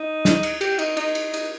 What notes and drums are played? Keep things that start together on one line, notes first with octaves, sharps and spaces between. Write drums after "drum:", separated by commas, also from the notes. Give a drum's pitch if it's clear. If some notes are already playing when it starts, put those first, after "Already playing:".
Already playing: D#4
drum: snare
drum: cymbal
G4, drum: cymbal
D#4, drum: cymbal
D#4, drum: cymbal
drum: cymbal
D#4, drum: cymbal